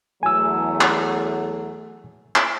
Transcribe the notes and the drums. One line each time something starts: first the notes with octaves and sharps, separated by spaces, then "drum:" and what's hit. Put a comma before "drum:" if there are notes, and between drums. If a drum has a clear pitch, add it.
E2 F#3 A3 G#5 E6
drum: clap
drum: clap